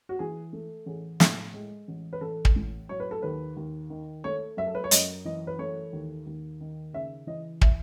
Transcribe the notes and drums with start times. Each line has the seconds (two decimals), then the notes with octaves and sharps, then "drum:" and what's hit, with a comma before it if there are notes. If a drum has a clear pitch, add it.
0.09 F#4
0.19 E3 G#4
0.53 A3
0.86 A1 G#4
1.20 A2, drum: snare
1.54 G#3
1.88 A1
2.13 B4
2.21 A1 A4
2.45 drum: kick
2.56 A2
2.89 F#3 C#5
3.00 B4
3.11 A4
3.22 D#2 B4
3.57 D#2
3.90 D#3
4.24 A3 C#5
4.57 F#2 E5
4.67 A4
4.75 B4
4.84 C#5
4.91 F#2 D#5, drum: hi-hat
5.25 E3 D#5
5.47 B4
5.59 A3 C#5
5.93 D#2
6.27 D#2
6.61 D#3
6.93 C#3 E5
7.27 E3 D#5
7.61 E5, drum: kick